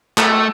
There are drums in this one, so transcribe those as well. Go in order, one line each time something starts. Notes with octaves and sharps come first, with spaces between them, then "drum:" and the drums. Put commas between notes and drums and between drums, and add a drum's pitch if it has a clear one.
A3, drum: clap